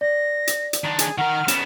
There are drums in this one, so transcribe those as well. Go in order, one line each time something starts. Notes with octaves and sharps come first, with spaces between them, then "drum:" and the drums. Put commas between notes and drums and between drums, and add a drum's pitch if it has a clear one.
D5 A#6
drum: hi-hat
drum: hi-hat
D#3 D4
G#4, drum: hi-hat
D#3 A#4 F#5 F6
C#3 B3 E7, drum: hi-hat